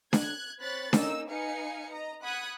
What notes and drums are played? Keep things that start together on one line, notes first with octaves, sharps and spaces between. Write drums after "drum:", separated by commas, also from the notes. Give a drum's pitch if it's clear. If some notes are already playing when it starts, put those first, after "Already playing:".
F#6 G#6, drum: snare D4
C4 C#5 B5 F#6 A6
A#3 C#4 D#4 E6, drum: snare D4
D#4 B4 F5 G#5 C#7
D#5 A#5
F#5 B5 D#6 F#6 G#6